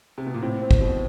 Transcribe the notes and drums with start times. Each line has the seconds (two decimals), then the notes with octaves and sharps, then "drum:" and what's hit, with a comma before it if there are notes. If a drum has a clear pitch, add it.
0.18 C3
0.27 B2
0.34 A#2
0.42 A2 C4
0.62 C4
0.71 drum: kick
0.81 B2